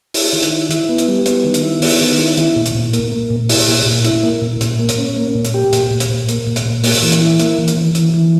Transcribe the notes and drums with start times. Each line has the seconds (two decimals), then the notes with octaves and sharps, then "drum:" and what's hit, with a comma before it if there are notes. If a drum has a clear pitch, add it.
0.14 E4, drum: open hi-hat
0.33 D#3
0.43 drum: hi-hat
0.52 E4
0.71 E4, drum: hi-hat
0.89 B3
0.98 drum: hi-hat
1.08 G3
1.26 B3, drum: hi-hat
1.44 D#3
1.54 drum: hi-hat
1.63 E4
1.82 B3, drum: open hi-hat
2.01 D#3
2.20 E4
2.37 E4, drum: hi-hat
2.56 A#2
2.66 drum: hi-hat
2.75 A#2
2.93 A#3, drum: hi-hat
3.12 A#3
3.30 A#2
3.49 E4, drum: open hi-hat
3.68 A#2
3.86 A#2
4.05 E4, drum: hi-hat
4.23 A#3
4.42 A#2
4.61 A#2, drum: hi-hat
4.79 A#3
4.89 drum: hi-hat
4.98 C#4
5.17 A#3
5.35 A#2
5.45 drum: hi-hat
5.54 G4
5.73 A#2, drum: hi-hat
5.91 A#2
6.00 drum: hi-hat
6.10 A#2
6.29 A#3, drum: hi-hat
6.47 A#2
6.56 drum: hi-hat
6.66 A#2
6.84 A#3, drum: open hi-hat
7.03 E3
7.12 drum: hi-hat
7.21 E4
7.40 A#3, drum: hi-hat
7.58 E3
7.68 drum: hi-hat
7.77 E3
7.95 E3, drum: hi-hat
8.14 E3